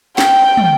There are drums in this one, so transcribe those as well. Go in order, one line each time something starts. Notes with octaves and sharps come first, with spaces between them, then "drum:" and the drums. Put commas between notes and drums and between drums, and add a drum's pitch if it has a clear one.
G5, drum: snare
drum: tom